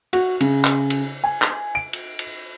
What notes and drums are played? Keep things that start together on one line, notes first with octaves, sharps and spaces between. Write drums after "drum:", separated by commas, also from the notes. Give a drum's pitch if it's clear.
F#4, drum: cymbal
C#3, drum: cymbal
drum: clap
drum: cymbal
G#5
drum: clap
D7
drum: cymbal
drum: cymbal